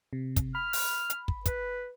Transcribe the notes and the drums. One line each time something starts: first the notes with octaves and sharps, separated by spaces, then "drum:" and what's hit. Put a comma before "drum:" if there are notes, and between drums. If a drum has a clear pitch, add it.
C3
drum: kick, hi-hat
B5 F6
drum: open hi-hat
drum: hi-hat
drum: kick
B4, drum: kick, hi-hat